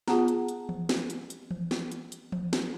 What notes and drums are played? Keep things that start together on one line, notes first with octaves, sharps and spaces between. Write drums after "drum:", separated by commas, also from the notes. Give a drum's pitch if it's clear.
B3 F4 G#4 F#5 A5 A#5, drum: snare
drum: hi-hat
drum: hi-hat
drum: tom E3
drum: snare
drum: hi-hat
drum: hi-hat
drum: tom E3
drum: snare
drum: hi-hat
drum: hi-hat
drum: tom E3
drum: snare